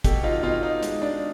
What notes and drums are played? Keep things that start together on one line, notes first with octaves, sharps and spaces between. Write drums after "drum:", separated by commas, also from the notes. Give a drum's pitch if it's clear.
B2 G4 A4, drum: kick, hi-hat
D#4 F4
B2 D#4 F4
D#4
G#3, drum: hi-hat
D4